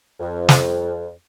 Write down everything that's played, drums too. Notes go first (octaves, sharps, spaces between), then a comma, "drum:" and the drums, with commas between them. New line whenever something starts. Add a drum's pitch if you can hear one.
F2
drum: snare